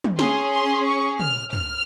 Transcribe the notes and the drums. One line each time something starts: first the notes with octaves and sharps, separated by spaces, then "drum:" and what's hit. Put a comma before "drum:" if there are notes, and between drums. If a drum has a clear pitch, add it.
drum: tom
C#4 G#4 C6, drum: snare
C6
C#6
F6, drum: tom
F6, drum: tom